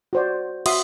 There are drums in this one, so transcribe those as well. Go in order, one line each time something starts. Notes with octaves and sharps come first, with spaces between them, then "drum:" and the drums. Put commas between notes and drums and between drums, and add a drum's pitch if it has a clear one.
F#4 C5 D5
F#4 E5 F#5 C6 D#6, drum: cymbal